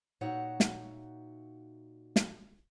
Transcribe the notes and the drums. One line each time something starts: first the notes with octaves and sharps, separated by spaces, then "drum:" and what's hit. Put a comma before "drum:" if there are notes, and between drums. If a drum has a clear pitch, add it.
A#2 D#4 F#4 C#5 E5 F#5
drum: snare
drum: snare